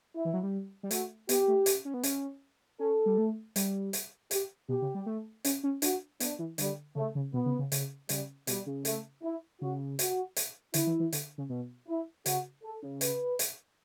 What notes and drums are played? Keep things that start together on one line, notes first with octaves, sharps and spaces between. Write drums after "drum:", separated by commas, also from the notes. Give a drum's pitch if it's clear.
E4
E3
F#3
G3
G3
A3 F#4, drum: hi-hat
B3 G4, drum: hi-hat
A3
C#4, drum: hi-hat
C#4
B3
C#4, drum: hi-hat
C#4 A4
G3
A3
G3, drum: hi-hat
drum: hi-hat
G4, drum: hi-hat
B2 G4
C#3
G3
A3
C#4, drum: hi-hat
C#4
D4 F#4, drum: hi-hat
B3 D4, drum: hi-hat
E3
D3 G3, drum: hi-hat
C#3 A3
C#3
B2 B3
C#3
C#3
C#3, drum: hi-hat
C#3 G3, drum: hi-hat
B2 G3, drum: hi-hat
C#3
A3, drum: hi-hat
E4
C#3 F#4
F#4, drum: hi-hat
drum: hi-hat
D3 E4, drum: hi-hat
E3
E3
D3, drum: hi-hat
C#3
B2
E4
C#3 F#4, drum: hi-hat
A4
C#3
B4, drum: hi-hat
drum: hi-hat